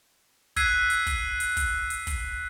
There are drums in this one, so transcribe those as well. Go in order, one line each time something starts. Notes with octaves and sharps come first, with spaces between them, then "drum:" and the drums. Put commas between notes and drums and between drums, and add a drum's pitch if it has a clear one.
E6 F#6 G#6 B6 C7 D#7, drum: kick, hi-hat
drum: hi-hat
drum: kick, hi-hat
drum: hi-hat
drum: kick, hi-hat
drum: hi-hat
drum: kick, hi-hat